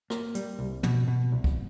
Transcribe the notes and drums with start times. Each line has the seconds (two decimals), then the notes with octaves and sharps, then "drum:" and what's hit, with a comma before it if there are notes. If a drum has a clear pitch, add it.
0.10 A#3, drum: rim click
0.35 G3, drum: hi-hat
0.59 C2
0.83 B2, drum: tom
1.08 B2
1.32 C2
1.44 drum: kick